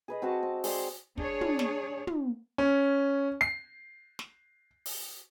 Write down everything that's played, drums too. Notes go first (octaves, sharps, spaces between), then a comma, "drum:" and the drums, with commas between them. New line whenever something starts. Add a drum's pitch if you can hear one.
G#4 B4 D#5
C4 F#4 F#5 A5
C4
G#4 C5 D5 G5, drum: open hi-hat
D4 G#4 C#5, drum: kick
drum: tom
drum: snare
drum: tom
C#4
C7
drum: snare
drum: open hi-hat